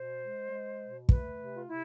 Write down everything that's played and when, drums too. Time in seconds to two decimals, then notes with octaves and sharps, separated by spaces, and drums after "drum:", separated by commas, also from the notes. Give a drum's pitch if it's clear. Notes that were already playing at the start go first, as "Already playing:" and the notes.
Already playing: B2 C5
0.21 G#3
0.51 G#3
0.80 B2
1.09 A3 B4, drum: kick
1.38 C3
1.56 F4
1.68 C3 E4